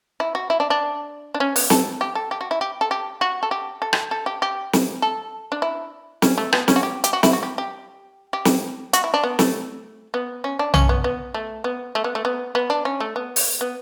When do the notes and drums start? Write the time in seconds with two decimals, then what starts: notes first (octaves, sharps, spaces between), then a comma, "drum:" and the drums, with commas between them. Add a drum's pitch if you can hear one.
0.20 E4
0.35 F#4
0.50 E4
0.60 D4
0.70 D4
1.34 D4
1.40 C#4
1.56 B3, drum: open hi-hat
1.70 A4, drum: snare
2.01 G4
2.15 A4
2.31 G4
2.41 F#4
2.51 E4
2.61 G4
2.81 A4
2.91 G4
3.21 F#4
3.43 A4
3.51 G4
3.82 A4
3.93 drum: rim click
4.11 A4
4.26 G4
4.42 G4
4.73 drum: snare
5.02 A4
5.52 D4
5.62 E4
6.22 C#4, drum: snare
6.38 A3
6.53 B3, drum: rim click
6.68 C#4, drum: snare
6.76 F#4
6.83 G4
7.04 G4, drum: hi-hat
7.13 F#4
7.23 E4, drum: snare
7.33 F#4
7.43 G4
7.58 G4
8.33 G4
8.45 drum: snare
8.93 F#4, drum: hi-hat
9.04 E4
9.14 D4
9.24 B3
9.39 A3, drum: snare
10.14 B3
10.44 C#4
10.59 D4
10.74 C#4, drum: tom B1
10.89 B3
11.04 B3
11.34 A3
11.64 B3
11.95 A3
12.04 B3
12.15 A3
12.25 B3
12.55 B3
12.70 D4
12.85 C#4
13.00 A3
13.16 B3
13.36 drum: open hi-hat
13.61 B3